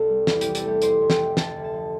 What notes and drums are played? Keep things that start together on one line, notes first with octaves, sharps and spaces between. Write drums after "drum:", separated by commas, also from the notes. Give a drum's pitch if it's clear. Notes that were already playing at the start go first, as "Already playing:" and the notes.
Already playing: C2 A4
G3
E2, drum: snare
E2 G4, drum: hi-hat
A4, drum: hi-hat
A3 G4
F2 C5, drum: hi-hat
F2
G5, drum: snare
A3
D2 A5, drum: snare
D2
A5
F3